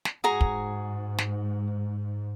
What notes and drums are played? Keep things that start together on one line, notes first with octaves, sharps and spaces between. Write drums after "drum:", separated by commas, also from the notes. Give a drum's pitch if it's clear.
drum: snare
G#2 F#4 G#4 A#5
drum: kick
drum: snare